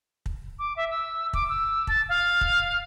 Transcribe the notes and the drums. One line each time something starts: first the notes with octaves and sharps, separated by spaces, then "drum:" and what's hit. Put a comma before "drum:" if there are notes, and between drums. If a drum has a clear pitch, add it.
drum: kick
D6
E5
E6
D6, drum: kick
E6
A5, drum: kick
F5
drum: kick